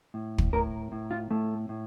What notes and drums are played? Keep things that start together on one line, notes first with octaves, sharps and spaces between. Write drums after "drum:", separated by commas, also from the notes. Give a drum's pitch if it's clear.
A2
drum: kick
A2 A#4
A2
F4
A2 A3
A2